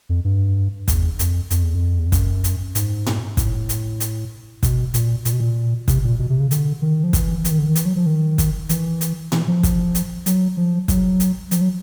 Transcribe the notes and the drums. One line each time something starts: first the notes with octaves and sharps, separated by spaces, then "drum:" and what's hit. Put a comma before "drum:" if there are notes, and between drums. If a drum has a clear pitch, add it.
F2
G2
E2, drum: kick, hi-hat
F2, drum: hi-hat
F2, drum: hi-hat
E2
F2
E2
F2
F#2, drum: kick, hi-hat
drum: hi-hat
G#2, drum: hi-hat
drum: tom A2
A2, drum: kick, hi-hat
drum: hi-hat
drum: hi-hat
B2, drum: kick, hi-hat
A#2, drum: hi-hat
A#2, drum: hi-hat
B2
A#2
C3, drum: kick, hi-hat
A#2
B2
C3
C#3
D3, drum: hi-hat
D#3
F3
E3, drum: kick, hi-hat
E3, drum: hi-hat
D#3
D3
D#3
E3, drum: hi-hat
F#3
F3
D#3
drum: kick, hi-hat
E3, drum: hi-hat
drum: hi-hat
E3, drum: tom A2
F3
drum: kick, hi-hat
drum: hi-hat
F#3, drum: hi-hat
F3
F#3, drum: kick, hi-hat
drum: hi-hat
F3, drum: hi-hat
F#3